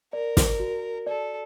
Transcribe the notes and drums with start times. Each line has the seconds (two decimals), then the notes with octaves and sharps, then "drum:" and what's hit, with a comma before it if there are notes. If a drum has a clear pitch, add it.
0.13 A#4 D5
0.37 drum: snare
0.60 F#4
1.07 A4 D5